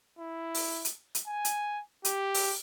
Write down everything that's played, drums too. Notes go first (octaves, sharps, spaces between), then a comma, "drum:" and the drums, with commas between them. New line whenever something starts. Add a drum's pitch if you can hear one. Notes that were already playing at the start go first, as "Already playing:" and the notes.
E4
drum: open hi-hat
drum: hi-hat
drum: hi-hat
G#5
drum: hi-hat
G4, drum: hi-hat
drum: open hi-hat